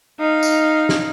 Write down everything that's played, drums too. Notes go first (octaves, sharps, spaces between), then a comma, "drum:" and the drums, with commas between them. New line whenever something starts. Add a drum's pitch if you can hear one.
D#4 F5
drum: tambourine
drum: snare